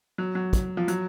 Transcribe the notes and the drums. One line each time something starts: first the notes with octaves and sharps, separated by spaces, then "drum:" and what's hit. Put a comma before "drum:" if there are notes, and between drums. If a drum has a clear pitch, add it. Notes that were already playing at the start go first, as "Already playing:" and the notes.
F#3
F#3
drum: kick, hi-hat
F3
F#3, drum: hi-hat